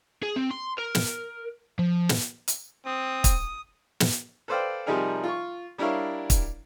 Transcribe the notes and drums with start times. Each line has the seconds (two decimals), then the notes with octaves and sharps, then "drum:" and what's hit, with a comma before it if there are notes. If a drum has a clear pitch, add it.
0.23 G#4
0.36 C4
0.51 C6
0.79 A#4
0.95 drum: snare
1.79 F3
2.09 drum: snare
2.48 drum: hi-hat
2.86 C4 D#6
3.24 drum: kick, hi-hat
4.00 drum: snare
4.48 A4 B4 C5 D5 F5 G5
4.86 C3 F3 G3 D#4 G#4 A#4
5.24 F4 C#6
5.78 G3 D4 E4 A#4 C#5 F5
6.30 drum: kick, hi-hat